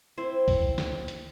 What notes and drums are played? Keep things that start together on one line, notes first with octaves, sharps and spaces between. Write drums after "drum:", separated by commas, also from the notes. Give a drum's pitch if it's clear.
C4 E4 C5
drum: kick C2, open hi-hat
drum: snare
drum: hi-hat